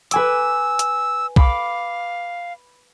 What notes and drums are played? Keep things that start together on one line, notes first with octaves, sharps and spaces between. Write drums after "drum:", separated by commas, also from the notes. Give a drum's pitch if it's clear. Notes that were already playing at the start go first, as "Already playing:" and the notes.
B4 G#5 D6 E6, drum: hi-hat
drum: hi-hat
F5 B5 D6, drum: kick